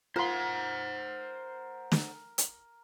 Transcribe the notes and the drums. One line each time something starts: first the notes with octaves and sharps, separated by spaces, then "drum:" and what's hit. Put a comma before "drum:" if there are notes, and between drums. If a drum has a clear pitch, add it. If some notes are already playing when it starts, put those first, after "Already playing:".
F4 A#4 C5 F#5 C6
drum: snare
drum: hi-hat